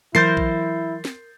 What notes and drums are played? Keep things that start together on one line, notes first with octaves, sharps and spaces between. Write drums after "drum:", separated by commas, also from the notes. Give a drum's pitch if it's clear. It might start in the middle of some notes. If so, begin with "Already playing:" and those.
E3 F#3 E4 A#4 C5 G6 A6 C7
drum: kick A#1
drum: snare